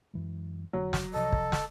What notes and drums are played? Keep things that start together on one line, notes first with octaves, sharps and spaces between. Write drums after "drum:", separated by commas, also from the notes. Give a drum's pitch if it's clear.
F#2 E3 G#3
F1 D3 F#3
drum: snare
C2 C3 F3 A4 D#5
drum: kick
drum: snare